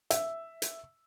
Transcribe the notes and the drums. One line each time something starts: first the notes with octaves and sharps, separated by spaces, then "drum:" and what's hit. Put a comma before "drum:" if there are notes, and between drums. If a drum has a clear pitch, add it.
E5, drum: hi-hat
drum: hi-hat